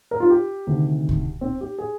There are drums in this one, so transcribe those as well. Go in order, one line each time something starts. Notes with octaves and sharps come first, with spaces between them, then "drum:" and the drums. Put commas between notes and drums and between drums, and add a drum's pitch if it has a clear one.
A#4
F4
G4
D2 C3 D#3
drum: kick C2
C4
G4
G#4